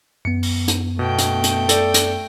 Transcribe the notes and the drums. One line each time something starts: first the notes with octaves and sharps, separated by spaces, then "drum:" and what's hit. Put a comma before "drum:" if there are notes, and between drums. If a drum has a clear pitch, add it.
F#2 B3 C#7
drum: open hi-hat
drum: hi-hat
B2 A3 G5
drum: hi-hat
drum: hi-hat
A4 D5, drum: hi-hat
drum: hi-hat